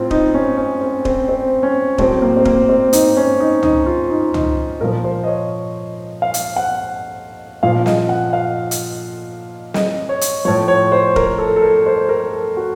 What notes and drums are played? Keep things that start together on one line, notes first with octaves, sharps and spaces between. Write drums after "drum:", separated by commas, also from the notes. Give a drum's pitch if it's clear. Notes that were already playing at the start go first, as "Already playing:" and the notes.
Already playing: A2 C4 F4
D#4, drum: kick D#1
C#4
C#4
C4
C4, drum: kick D#1
C4
C#4
A2 F#3 C4, drum: kick D#1
A#3
C4
A#3, drum: kick D#1
C4
D#4, drum: hi-hat
C#4
D#4
D#4, drum: tom C#2
F4
D#4
D#4, drum: tom C#2
A#2 F3 A#4
C5
D#5
C#5
F5
drum: hi-hat
F#5
A#2 F3 F5
D#5, drum: snare
F#5
F5
drum: hi-hat
D#5, drum: snare
C#5
drum: hi-hat
A2 F3 C#5
C#5
C5
A#4, drum: kick D#1
A4
A4
A#4
C5
A#4
A4
F#4